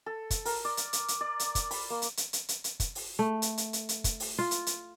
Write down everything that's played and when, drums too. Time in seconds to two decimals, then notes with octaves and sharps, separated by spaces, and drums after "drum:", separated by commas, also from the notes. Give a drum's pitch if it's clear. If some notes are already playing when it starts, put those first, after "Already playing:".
0.06 A4
0.30 drum: kick, hi-hat
0.45 A#4, drum: open hi-hat
0.65 D5
0.77 drum: hi-hat
0.93 drum: hi-hat
1.08 drum: hi-hat
1.21 D5
1.39 drum: hi-hat
1.55 drum: kick, hi-hat
1.71 B5, drum: open hi-hat
1.90 A#3
2.02 drum: hi-hat
2.17 drum: hi-hat
2.33 drum: hi-hat
2.48 drum: hi-hat
2.64 drum: hi-hat
2.80 drum: kick, hi-hat
2.95 drum: open hi-hat
3.19 A3
3.42 drum: hi-hat
3.58 drum: hi-hat
3.73 drum: hi-hat
3.89 drum: hi-hat
4.04 drum: kick, hi-hat
4.20 drum: open hi-hat
4.39 F4
4.51 drum: hi-hat
4.67 drum: hi-hat